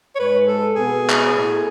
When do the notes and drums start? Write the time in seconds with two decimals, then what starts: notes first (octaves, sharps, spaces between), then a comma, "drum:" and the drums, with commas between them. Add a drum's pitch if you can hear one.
0.15 C#5
0.19 G#2 G#3 B4
0.48 A4
0.75 B2 B3 G#4
1.10 drum: clap
1.32 A2 A3